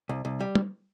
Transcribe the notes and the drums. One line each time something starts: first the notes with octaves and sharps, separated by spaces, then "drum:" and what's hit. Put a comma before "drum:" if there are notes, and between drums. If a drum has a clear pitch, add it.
C2
C2
G3
drum: tom